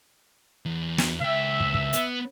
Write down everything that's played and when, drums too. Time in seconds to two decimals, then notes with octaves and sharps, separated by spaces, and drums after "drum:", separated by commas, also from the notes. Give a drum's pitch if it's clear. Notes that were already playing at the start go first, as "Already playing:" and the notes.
0.66 E2
0.98 drum: snare
1.22 C#2 E5 G5
1.60 drum: kick
1.74 drum: kick
1.93 B3, drum: hi-hat